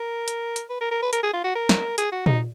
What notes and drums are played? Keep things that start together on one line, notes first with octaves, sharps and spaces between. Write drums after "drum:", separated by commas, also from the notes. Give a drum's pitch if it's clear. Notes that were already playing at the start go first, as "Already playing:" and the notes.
Already playing: A#4
drum: hi-hat
drum: hi-hat
B4
A#4
A#4
B4
A#4, drum: hi-hat
G#4
F4
F#4
A#4
drum: snare
G#4, drum: hi-hat
F#4
D#4, drum: tom A#2